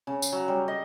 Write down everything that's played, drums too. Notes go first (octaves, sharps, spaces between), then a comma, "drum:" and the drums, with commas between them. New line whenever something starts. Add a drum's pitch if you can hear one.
C#3
drum: tambourine
F#3
G3
D#5